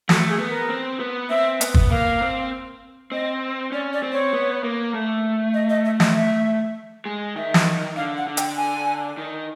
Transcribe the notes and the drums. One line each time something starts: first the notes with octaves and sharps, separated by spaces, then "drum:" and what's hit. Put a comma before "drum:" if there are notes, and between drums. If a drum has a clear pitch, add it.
A3 F#4, drum: snare
G#4
B3
A#4
C4
B3
C4 E5
B3, drum: hi-hat
drum: kick
A#3 F5
C4
C4 D#5
C#4 D5
D5
C4
C#5
B3
A#3
A3
D#5
D#5
E5
D#5, drum: snare
E5
G#3
D#3 E5
drum: snare
D3 F5
F#5
D3
G5, drum: hi-hat
G#5
D#3